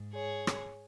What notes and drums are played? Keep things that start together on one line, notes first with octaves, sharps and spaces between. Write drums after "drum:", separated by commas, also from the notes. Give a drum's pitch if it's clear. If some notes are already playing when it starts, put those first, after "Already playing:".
Already playing: G#2
G#4 C#5
drum: rim click